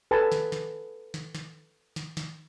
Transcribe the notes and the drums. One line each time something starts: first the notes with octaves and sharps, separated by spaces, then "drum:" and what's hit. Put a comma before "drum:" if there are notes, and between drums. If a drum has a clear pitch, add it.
A4 B4 G#5 A5
drum: snare
drum: snare
drum: snare
drum: snare
drum: snare
drum: snare